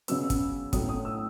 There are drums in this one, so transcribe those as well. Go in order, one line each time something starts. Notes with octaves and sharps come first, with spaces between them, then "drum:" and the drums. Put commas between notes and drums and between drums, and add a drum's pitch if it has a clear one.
C#3 F#3 B3 E6, drum: hi-hat
drum: kick, hi-hat
A2 F#3 A3 D#6, drum: kick, hi-hat
D#6
E6